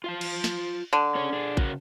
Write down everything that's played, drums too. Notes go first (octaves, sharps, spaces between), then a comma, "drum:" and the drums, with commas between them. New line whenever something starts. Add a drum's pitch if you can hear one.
F4 F5 A5
drum: cymbal
drum: snare
D3
C#4 G#4 C#5
D4 G#4
C#3 F#4 A#4, drum: kick A1